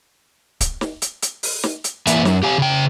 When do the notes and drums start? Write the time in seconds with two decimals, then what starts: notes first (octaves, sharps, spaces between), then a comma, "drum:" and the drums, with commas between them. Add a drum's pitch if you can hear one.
0.61 drum: kick C#1, hi-hat
0.81 drum: snare
1.02 drum: hi-hat
1.22 drum: hi-hat
1.43 drum: open hi-hat
1.63 drum: snare
1.84 drum: hi-hat
2.07 E3 A#3 B4 E5 G#5, drum: hi-hat
2.25 F#2, drum: snare
2.43 G4 F5 G#5
2.58 C#3 G5